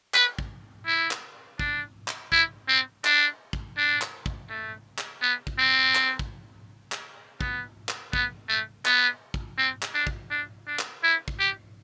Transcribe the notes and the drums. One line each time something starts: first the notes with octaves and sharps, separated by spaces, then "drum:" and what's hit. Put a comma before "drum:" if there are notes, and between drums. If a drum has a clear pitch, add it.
B4, drum: clap
drum: kick
E4
drum: clap
D4, drum: kick
drum: clap
E4, drum: kick
C4
D4, drum: clap
drum: kick
D4
drum: clap
drum: kick
A3
drum: clap
B3
drum: kick
C4
drum: clap
drum: kick
drum: clap
B3, drum: kick
drum: clap
B3, drum: kick
A3
B3, drum: clap
drum: kick
C4
drum: clap
D4
drum: kick
D4
D4
drum: clap
E4
drum: kick
G4